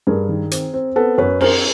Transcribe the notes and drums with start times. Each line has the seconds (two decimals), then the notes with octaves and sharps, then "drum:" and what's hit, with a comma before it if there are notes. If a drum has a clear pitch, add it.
0.07 G2 G#4 A#4
0.29 D#3
0.51 C4, drum: hi-hat
0.74 C4
0.96 B3 A4 B4
1.18 F#2 B4 C#5
1.41 C4 A#4 C5, drum: cymbal